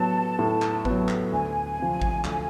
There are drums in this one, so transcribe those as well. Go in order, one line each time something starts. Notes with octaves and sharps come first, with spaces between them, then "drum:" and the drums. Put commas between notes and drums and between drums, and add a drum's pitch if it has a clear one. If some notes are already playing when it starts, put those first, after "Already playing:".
Already playing: A2 F#3 B3 A5
A2
drum: clap
F#3 B3, drum: kick G#1
drum: clap
D2 G#5
C3 F3
drum: kick G#1
D2, drum: clap